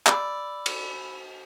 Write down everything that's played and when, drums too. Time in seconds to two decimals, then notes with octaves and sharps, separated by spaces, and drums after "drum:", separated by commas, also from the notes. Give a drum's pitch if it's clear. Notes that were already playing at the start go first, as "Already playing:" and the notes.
0.06 D5 B5 E6, drum: clap
0.66 drum: cymbal